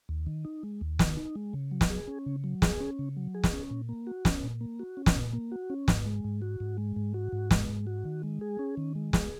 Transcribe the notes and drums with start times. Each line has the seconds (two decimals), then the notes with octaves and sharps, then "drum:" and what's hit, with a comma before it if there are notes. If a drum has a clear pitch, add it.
0.09 D#2
0.27 D#3
0.45 D#4
0.63 G#3
0.81 D#2
0.99 D#3, drum: snare
1.17 D#4
1.35 G#3
1.53 C#3
1.71 F#3
1.81 drum: snare
1.90 G#4
2.07 C#4
2.26 C#3
2.44 F#3
2.62 G#4, drum: snare
2.80 C#4
2.99 C#3
3.17 F#3
3.34 G#4
3.44 drum: snare
3.53 C#4
3.71 A#2
3.89 A#3
4.07 F#4
4.25 C#4, drum: snare
4.43 A#2
4.61 A#3
4.79 F#4
4.97 C#4
5.06 drum: snare
5.16 A#2
5.33 A#3
5.52 F#4
5.70 C#4
5.88 G#2, drum: snare
6.06 G#3
6.24 G#2
6.42 F#4
6.60 G#2
6.78 G#3
6.96 G#2
7.14 F#4
7.32 G#2
7.51 G#3, drum: snare
7.69 G#2
7.87 F#4
8.05 D#3
8.23 G#3
8.41 G#4
8.59 C#4
8.77 D#3
8.95 G#3
9.13 G#4, drum: snare